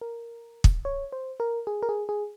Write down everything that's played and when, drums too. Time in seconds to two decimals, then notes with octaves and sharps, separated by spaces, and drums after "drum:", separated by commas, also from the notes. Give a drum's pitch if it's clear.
0.01 A#4
0.64 drum: kick
0.85 C#5
1.12 C5
1.40 A#4
1.67 G#4
1.83 A#4
1.89 G#4
2.09 G#4